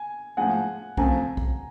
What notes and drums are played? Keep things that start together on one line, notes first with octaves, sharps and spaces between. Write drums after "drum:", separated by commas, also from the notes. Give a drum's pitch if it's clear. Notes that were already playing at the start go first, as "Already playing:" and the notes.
Already playing: G#5
A2 F3 G#3 F#5 G#5
C#3 F3 A3 C4 G#5 A#5, drum: kick B1
drum: kick B1